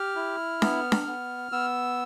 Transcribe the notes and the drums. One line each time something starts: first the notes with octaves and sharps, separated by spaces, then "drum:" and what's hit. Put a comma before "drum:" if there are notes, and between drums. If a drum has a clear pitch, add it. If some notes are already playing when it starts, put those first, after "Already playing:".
Already playing: G4 F6
E4
B3, drum: snare D4
drum: snare D4
B3
B3 E6